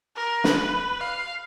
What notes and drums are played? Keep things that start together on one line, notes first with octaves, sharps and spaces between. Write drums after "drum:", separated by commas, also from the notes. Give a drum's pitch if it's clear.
A#4
B4, drum: snare
F5